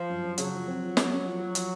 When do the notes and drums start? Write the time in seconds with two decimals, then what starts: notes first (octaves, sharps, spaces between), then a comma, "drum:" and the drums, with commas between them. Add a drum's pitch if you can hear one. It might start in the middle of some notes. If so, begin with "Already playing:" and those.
Already playing: F3
0.09 F#2
0.24 F#2
0.38 C#3 F#3, drum: hi-hat
0.53 F3
0.68 C4
0.82 F3
0.97 C#4, drum: snare
1.11 C#4
1.25 F3
1.39 F3
1.55 F3, drum: hi-hat